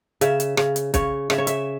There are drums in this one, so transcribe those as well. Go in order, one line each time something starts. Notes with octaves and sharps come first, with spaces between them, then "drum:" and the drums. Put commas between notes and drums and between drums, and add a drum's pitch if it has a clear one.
C#3 E5, drum: hi-hat
drum: hi-hat
C#3, drum: rim click
drum: hi-hat
C#3 C#5, drum: kick B1, hi-hat
C#3 E5, drum: rim click
C#5
E5, drum: hi-hat